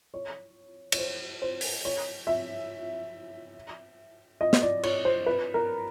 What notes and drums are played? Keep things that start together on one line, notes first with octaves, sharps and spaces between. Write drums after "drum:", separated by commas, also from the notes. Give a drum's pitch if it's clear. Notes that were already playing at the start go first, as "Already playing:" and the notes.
C#5
C#5, drum: cymbal
C5
C5
drum: open hi-hat
C#5
E5
D#5
drum: snare
D5
C#5, drum: cymbal
C5
B4
A#4